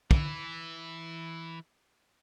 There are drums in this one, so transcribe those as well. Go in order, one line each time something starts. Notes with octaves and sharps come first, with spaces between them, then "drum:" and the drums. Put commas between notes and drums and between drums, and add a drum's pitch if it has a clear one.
E3 E4, drum: kick